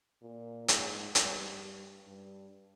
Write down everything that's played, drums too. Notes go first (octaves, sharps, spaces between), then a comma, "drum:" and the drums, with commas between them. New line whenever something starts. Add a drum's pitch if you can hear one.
A#2
G#2, drum: hi-hat
G2, drum: hi-hat
G2